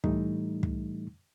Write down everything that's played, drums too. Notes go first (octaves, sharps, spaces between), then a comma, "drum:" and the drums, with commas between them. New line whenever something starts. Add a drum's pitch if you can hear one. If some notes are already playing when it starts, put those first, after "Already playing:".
A2 E3 G3 A3 D#4, drum: kick
drum: kick